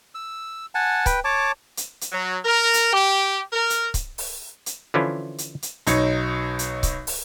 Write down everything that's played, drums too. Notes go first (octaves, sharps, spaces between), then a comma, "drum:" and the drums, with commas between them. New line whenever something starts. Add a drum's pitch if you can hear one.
E6
F#5 G#5 A5
B4 G5, drum: kick C#1, hi-hat
C#5 A5 D6
drum: hi-hat
drum: hi-hat
F#3
A#4
drum: hi-hat
G4
A#4
drum: hi-hat
drum: kick C#1, hi-hat
drum: open hi-hat
drum: hi-hat
D3 E3 F3 C#4 E4 F4
drum: hi-hat
drum: hi-hat
B1 D#4 C#5, drum: hi-hat
drum: hi-hat
drum: kick C#1, hi-hat
drum: open hi-hat